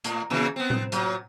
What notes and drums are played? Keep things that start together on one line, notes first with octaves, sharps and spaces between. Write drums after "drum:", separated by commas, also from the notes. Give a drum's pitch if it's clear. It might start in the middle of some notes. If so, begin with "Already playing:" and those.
A2, drum: hi-hat
A#2 C#3 E3
B3 C4
drum: tom A2
A#2 F#3, drum: hi-hat